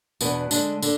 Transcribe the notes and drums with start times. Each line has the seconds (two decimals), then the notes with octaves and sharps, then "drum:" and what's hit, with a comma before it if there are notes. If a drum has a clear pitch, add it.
0.21 E2 B2 B3 D4, drum: tambourine
0.51 D3 G#3 D4, drum: tambourine
0.82 D3, drum: tambourine